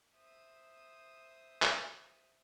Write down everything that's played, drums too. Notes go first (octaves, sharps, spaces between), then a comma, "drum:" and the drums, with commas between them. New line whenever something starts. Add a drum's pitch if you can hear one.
C5 E5 D#6
drum: clap